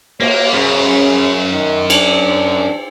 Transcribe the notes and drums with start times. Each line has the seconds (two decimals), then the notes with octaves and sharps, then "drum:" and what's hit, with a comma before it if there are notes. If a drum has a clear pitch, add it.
0.20 A#3 C#5, drum: cymbal
0.52 F#2 C#3
1.51 D#3
1.90 D4, drum: cymbal